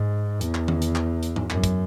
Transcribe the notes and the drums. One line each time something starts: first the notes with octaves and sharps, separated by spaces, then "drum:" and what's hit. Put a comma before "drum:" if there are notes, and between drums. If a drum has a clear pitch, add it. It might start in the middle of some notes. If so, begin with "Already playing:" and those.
Already playing: G#2
E2, drum: hi-hat
drum: clap
drum: tom D#3
drum: hi-hat
drum: clap
drum: hi-hat
drum: tom G#2
F#2, drum: clap
drum: kick, hi-hat